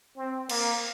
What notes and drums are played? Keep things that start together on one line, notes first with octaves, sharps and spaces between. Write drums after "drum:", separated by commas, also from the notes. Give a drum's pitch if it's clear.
C4
A#3, drum: cymbal